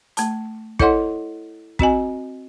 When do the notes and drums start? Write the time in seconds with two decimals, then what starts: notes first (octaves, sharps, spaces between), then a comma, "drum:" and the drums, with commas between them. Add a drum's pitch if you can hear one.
0.17 A3 A5, drum: hi-hat
0.79 E4 A4 C#5 D#5 F#5 C6, drum: kick
1.79 C4 F#4 D#5 G#5, drum: kick